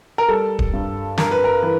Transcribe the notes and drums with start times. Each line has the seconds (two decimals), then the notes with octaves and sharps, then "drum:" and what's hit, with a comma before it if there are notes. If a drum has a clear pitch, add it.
0.18 A#4
0.29 G3 A4
0.59 drum: kick D1
0.73 G2
1.18 G2 A#4, drum: snare
1.31 B4
1.44 A#4
1.63 E3 B4